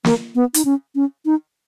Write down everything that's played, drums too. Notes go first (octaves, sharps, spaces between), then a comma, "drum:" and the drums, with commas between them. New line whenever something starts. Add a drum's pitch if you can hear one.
A#3, drum: snare
B3
D#4, drum: hi-hat
C#4
C#4
D#4